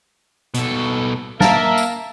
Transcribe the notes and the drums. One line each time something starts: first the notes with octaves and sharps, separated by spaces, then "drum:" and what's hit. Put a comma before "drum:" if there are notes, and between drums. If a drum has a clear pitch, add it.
B2 A4, drum: hi-hat
A#3 A#4 E5 F5 A5 A#5, drum: snare
drum: tambourine